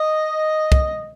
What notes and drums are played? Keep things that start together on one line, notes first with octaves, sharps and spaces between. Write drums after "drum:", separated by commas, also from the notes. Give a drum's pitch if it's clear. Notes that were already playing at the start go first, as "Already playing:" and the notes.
Already playing: D#5
drum: kick